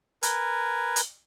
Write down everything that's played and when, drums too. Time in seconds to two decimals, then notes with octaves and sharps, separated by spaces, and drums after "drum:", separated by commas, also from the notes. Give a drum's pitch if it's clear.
0.23 A#4 B4 G#5, drum: hi-hat
0.96 drum: hi-hat